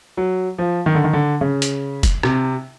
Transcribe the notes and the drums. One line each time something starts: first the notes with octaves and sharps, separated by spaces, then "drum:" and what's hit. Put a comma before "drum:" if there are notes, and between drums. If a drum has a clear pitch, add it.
F#3
F3
D#3
D3
D#3
D3
C#3
drum: hi-hat
drum: kick F1, hi-hat
C3, drum: rim click